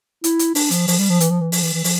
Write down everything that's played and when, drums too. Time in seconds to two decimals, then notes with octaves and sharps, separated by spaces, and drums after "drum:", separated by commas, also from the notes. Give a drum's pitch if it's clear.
0.24 E4, drum: hi-hat
0.39 drum: hi-hat
0.55 D4, drum: open hi-hat
0.71 F3, drum: hi-hat
0.88 F3, drum: open hi-hat
0.99 G3
1.10 F3
1.20 E3, drum: hi-hat
1.30 F3
1.41 E3
1.52 F3, drum: open hi-hat
1.63 E3
1.74 E3
1.84 F3, drum: open hi-hat